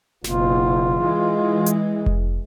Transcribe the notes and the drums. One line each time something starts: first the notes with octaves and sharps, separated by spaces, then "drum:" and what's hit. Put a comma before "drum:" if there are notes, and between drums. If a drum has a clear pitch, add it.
F#1 B2 F4, drum: snare
E3 G#3
drum: hi-hat
drum: kick F1